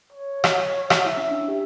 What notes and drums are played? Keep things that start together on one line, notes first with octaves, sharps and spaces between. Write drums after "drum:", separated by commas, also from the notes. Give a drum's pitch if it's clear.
C#5
drum: rim click
drum: rim click
E4 E5
C#4
D4
D4
G4